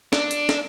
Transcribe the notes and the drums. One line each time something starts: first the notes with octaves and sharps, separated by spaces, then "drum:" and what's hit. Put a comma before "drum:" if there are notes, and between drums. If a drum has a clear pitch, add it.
D4, drum: snare
drum: hi-hat
drum: snare